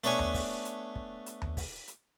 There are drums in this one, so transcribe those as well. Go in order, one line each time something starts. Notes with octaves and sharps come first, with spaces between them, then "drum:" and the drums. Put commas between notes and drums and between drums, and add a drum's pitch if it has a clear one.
A3 B3 D4 C#5 G#5, drum: hi-hat
drum: tom D#2
drum: kick, open hi-hat
drum: hi-hat
drum: kick
drum: hi-hat
drum: tom D#2
drum: kick, open hi-hat
drum: hi-hat